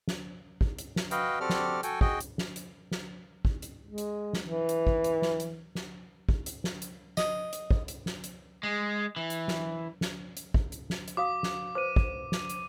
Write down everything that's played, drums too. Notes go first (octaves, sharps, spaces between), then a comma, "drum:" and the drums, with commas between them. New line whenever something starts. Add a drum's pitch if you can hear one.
drum: snare
drum: kick
drum: hi-hat
drum: snare
F#4 B4 D#5 F5 G5, drum: hi-hat
C4 F#4 G4 A4 D5 F6
drum: snare
F#4 A4 G5 G#5, drum: hi-hat
F#4 G#4 D#5 G5, drum: kick
drum: hi-hat
drum: snare
drum: hi-hat
drum: snare
drum: kick
drum: hi-hat
G#3
drum: hi-hat
drum: snare
E3
drum: hi-hat
drum: kick
drum: hi-hat
drum: snare
drum: hi-hat
drum: snare
drum: kick
drum: hi-hat
drum: snare
drum: hi-hat
D#5, drum: snare
drum: hi-hat
drum: kick
drum: hi-hat
drum: snare
drum: hi-hat
G#3
E3
drum: hi-hat
drum: snare
drum: snare
drum: hi-hat
drum: kick
drum: hi-hat
drum: snare
drum: hi-hat
F#4 F5 D6 D#6
drum: snare
B4 C5 D6 D#7
drum: kick
drum: snare
drum: hi-hat